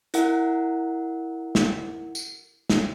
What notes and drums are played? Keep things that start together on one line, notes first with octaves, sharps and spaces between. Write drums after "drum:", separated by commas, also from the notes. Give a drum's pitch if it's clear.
E4 A#4 F#5, drum: hi-hat
drum: snare
drum: tambourine
drum: snare